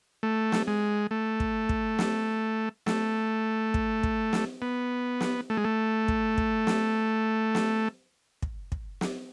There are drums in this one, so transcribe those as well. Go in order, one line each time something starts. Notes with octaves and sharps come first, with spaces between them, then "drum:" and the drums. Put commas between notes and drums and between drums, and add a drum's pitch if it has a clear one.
A3
drum: snare
G#3
A3
drum: kick
drum: kick
drum: snare
A3, drum: snare
drum: kick
drum: kick
drum: snare
B3
drum: snare
A3
G#3
A3
drum: kick
drum: kick
drum: snare
drum: snare
drum: kick
drum: kick
drum: snare